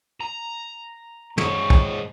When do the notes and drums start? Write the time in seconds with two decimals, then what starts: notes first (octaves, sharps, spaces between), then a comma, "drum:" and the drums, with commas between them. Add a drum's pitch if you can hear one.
0.21 A#5
1.37 G#2 C#5 C#6, drum: tom
1.70 drum: kick